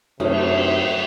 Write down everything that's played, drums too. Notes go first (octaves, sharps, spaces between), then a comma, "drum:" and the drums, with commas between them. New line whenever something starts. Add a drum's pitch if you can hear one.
F#2 C3 A3 C#4 D#4, drum: cymbal